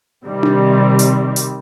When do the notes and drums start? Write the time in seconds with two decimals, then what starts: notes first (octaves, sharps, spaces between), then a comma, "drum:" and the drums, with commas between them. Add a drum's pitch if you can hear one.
0.24 C3 D#3 G3 C4
0.43 drum: tom D4
0.99 drum: hi-hat
1.36 drum: hi-hat